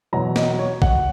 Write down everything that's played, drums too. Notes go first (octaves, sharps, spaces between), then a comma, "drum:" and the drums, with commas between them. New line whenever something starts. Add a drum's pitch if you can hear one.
E2 B2 F#3 A#5
D#5, drum: snare
C#5
F#5, drum: kick